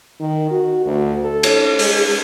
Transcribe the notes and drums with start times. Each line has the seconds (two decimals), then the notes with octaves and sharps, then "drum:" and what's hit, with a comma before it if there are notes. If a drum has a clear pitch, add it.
0.20 D#3
0.51 F#4
0.86 D2
1.23 A4
1.43 drum: cymbal
1.79 G#3, drum: open hi-hat